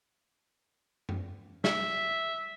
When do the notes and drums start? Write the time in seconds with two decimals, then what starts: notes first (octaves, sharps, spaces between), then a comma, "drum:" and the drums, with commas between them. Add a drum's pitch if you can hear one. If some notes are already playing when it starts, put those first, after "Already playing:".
1.09 drum: tom F#2
1.64 E5, drum: snare